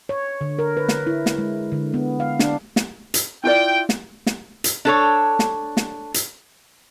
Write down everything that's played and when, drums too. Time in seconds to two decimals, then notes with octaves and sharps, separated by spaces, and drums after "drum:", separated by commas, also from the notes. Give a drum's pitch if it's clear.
0.09 C#5
0.41 D3
0.59 A#4
0.77 B4
0.88 drum: snare
1.07 E4
1.26 drum: snare
1.38 G#3
1.72 D3
1.94 B3
2.20 F5
2.39 D4, drum: snare
2.76 drum: snare
3.14 drum: hi-hat
3.44 E4 F4 D5 G5
3.89 drum: snare
4.26 drum: snare
4.64 drum: hi-hat
4.85 D4 A4 C#5
5.39 drum: snare
5.77 drum: snare
6.14 drum: hi-hat